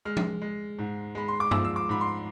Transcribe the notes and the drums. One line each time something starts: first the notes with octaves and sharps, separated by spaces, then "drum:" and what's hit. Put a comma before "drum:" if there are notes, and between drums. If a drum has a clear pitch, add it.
G#3 F6
drum: tom F3
G#3
G#2
G#3 B5
C6
D6
F3 E6, drum: tom G2
E6
D6
G#2 B5
C6